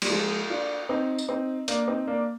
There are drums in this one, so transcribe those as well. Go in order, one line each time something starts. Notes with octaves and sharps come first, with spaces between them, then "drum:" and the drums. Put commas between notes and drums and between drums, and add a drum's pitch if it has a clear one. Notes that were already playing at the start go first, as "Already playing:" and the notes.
G3, drum: cymbal
F3 G#3
D4 F4
C4 D#4
drum: tambourine
C4 D#4
A#3 D4, drum: hi-hat
C4 D#4
A#3 D4